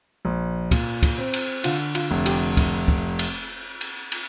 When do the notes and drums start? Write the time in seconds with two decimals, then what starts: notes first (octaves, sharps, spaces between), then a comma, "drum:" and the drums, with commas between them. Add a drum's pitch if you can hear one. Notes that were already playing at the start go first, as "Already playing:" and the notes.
0.25 A#1
0.71 A#2, drum: kick, cymbal
1.03 drum: kick, cymbal
1.18 C4
1.33 drum: cymbal
1.64 D3 F4, drum: cymbal
1.95 F4, drum: cymbal
2.11 F1
2.26 G4, drum: cymbal
2.57 drum: kick, cymbal
2.88 drum: kick
3.19 drum: cymbal
3.81 drum: cymbal
4.12 drum: cymbal